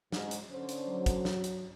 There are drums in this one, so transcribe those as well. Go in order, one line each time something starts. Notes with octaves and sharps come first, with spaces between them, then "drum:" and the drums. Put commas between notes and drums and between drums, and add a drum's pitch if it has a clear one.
G#2, drum: snare
drum: hi-hat
D3 C#4 C5
drum: hi-hat
F#3
drum: kick, hi-hat
drum: snare
drum: hi-hat